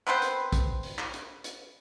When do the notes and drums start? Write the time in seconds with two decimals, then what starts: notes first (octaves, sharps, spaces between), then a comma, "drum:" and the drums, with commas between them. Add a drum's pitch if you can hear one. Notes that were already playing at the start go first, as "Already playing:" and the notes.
0.07 B3 C4 B4 C5
0.22 drum: hi-hat
0.52 drum: kick A#1, hi-hat
0.83 drum: open hi-hat
0.98 drum: clap
1.14 drum: hi-hat
1.44 drum: hi-hat